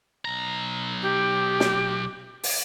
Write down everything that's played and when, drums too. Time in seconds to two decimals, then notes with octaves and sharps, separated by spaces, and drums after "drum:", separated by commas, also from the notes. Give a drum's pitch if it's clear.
0.25 B1 A#5
1.02 G4
1.60 drum: snare
2.43 drum: open hi-hat